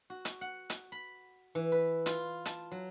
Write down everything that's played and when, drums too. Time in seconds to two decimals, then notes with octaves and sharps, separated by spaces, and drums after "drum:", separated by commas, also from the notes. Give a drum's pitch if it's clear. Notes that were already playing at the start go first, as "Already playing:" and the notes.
0.10 F#4
0.25 drum: hi-hat
0.41 F#5
0.70 drum: hi-hat
0.92 B5
1.55 E3
1.72 B4
2.06 F4, drum: hi-hat
2.45 A5, drum: hi-hat
2.71 F#3